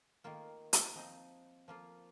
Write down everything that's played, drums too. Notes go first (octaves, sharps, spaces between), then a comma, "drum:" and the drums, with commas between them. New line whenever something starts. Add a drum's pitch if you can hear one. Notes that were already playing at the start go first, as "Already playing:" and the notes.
D#3 A#3 F4
drum: hi-hat
F3 C4 D#4
F3 A#3 F4